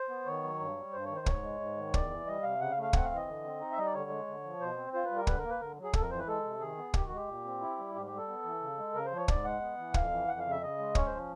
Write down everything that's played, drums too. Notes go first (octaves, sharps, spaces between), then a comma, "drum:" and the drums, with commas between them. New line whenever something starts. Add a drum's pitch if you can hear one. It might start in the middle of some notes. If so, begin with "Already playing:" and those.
Already playing: C5
B3
D#3 C#5
F#3
G2
G3
G2 C5
D#3 C#5
C5
G#2 C#5, drum: kick
G#3
G#2
D#3
E2 D5, drum: kick
E3
G3 D#5
C3 F5
C#3 F#5
F5
A3
F5
C4 F#5, drum: kick
F5
E3
D#5
D3
C4
D#4
E5
G3 D#5
D5
D3 C#5
G#3
D3
F3
B2 C5
C4
F4 C5
B4
G3
A#4
D3 B4, drum: kick
A#4
A#3
B4
D3 A#4
F#3
G#4
F2 A4, drum: kick
A#4
E3 C5
B4
G#3 A4
C3
D#3 G#4
B3
D#3 G4, drum: kick
F#4
G#3
G4
A#2
C4
E4
G3
G#2 G4
G4
G3
A4
B3
E3
C#3
G#3
C#3 A#4
C5
F3
C#5
G#2 D5, drum: kick
G#3 F#5
B3
E3
F2 F5, drum: kick
E3
F2 F#5
C#3 F5
E5
C#3 D#5
G#3
C#4 C#5, drum: kick
F3 C5